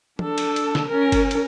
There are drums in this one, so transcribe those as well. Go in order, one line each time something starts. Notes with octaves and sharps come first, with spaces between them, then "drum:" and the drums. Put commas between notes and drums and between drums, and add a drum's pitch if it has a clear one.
D4 A4, drum: tom
drum: cymbal
drum: cymbal
drum: snare
C#4 A#4
drum: kick F#1, cymbal
drum: cymbal